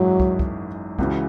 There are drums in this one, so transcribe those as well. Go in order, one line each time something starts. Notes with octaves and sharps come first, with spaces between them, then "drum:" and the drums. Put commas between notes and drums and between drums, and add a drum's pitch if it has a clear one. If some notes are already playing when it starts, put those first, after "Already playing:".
Already playing: G#1 F#2 E3 F#3 G#3
drum: kick
drum: kick
C#2 C#3 E3 C#4 F#4, drum: kick